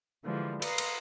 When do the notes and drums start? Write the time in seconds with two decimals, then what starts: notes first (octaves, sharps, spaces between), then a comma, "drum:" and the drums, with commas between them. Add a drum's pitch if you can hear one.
0.24 D3 E3 F3 G3 G#3
0.62 B4 F5 A#5 C6 D#6, drum: cymbal
0.78 drum: cymbal